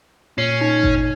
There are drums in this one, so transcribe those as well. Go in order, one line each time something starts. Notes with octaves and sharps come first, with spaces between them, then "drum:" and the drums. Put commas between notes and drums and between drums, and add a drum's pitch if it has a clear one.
A#2 C#4 C7
D#4
drum: kick G#1